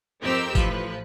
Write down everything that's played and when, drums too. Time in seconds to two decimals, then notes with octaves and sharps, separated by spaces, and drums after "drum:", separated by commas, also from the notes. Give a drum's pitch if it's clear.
0.22 F2 C4 D#4 G4 A#4 E6
0.55 A1 F3 B4, drum: kick, tambourine